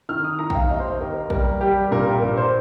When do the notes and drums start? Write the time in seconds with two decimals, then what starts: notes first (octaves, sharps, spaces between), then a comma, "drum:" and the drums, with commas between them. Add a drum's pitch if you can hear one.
0.09 D#3 F6
0.24 D#6
0.39 D#3 A#5
0.50 G5, drum: kick A#1
0.55 F5
0.70 D#2 D#5
0.79 C5
0.88 D#5
1.00 D#2 A#4
1.30 G3 A#4, drum: kick A#1
1.61 G3 G4
1.91 A#2 A#4
2.07 G4
2.22 A#1 A#4
2.37 C5